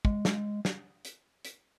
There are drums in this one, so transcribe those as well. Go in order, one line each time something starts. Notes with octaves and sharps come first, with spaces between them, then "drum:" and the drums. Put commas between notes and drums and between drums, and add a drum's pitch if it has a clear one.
G#3, drum: kick
drum: snare
drum: snare
drum: hi-hat
drum: hi-hat